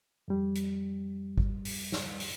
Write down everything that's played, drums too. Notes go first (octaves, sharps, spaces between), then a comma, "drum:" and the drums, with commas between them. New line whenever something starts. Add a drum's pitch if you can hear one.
F2 G3
drum: hi-hat
drum: kick G1
drum: open hi-hat
drum: snare
drum: open hi-hat